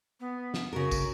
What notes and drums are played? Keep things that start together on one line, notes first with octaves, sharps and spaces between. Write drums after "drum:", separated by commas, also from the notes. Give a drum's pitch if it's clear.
B3
drum: snare
C#3 F#4 A#4
drum: kick, tambourine